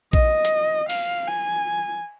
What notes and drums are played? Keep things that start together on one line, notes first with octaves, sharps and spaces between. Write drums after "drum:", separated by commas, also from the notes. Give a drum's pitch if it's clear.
D#5, drum: kick A#1
drum: hi-hat
F5, drum: cymbal
G#5